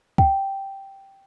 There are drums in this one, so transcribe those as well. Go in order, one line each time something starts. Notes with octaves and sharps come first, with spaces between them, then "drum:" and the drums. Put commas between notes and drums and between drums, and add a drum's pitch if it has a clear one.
G5, drum: kick